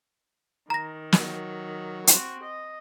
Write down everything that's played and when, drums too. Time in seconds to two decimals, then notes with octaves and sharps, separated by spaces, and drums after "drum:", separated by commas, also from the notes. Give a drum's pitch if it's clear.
0.70 D#3 A#5 A#6
1.12 F#3, drum: snare
2.07 C4 F#4, drum: hi-hat
2.43 D#5